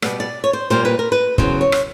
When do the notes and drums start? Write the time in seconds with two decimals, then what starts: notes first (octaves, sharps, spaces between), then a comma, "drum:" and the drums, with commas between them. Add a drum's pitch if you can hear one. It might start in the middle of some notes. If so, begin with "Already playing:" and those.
0.02 B2 G3 B3 D5, drum: rim click
0.20 D5
0.44 C#5
0.53 C5
0.70 A#2 G3 A#3 C5
0.85 B4
0.99 A#4
1.12 B4
1.38 E2 C#3 F#3 C5, drum: kick
1.61 C#5
1.72 drum: rim click